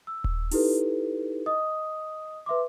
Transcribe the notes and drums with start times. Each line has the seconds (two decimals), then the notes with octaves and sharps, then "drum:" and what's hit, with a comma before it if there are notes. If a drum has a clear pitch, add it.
0.07 E6
0.24 drum: kick D#1
0.51 D#4 E4 G4 A4 B4, drum: open hi-hat
1.46 D#5 D#6
2.46 B4 E5 C6 D6